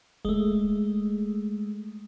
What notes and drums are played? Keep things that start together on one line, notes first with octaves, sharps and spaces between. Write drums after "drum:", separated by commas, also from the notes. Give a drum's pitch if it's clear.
G#3 A3, drum: kick D1